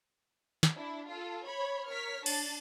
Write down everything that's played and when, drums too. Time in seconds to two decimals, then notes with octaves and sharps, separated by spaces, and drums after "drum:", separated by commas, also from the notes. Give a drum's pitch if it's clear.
0.63 drum: snare
0.77 D4 E4
1.10 F4 A4
1.47 C#5 B5
1.88 A#4 C#5 F6 B6
2.26 D4 A5 A6, drum: cymbal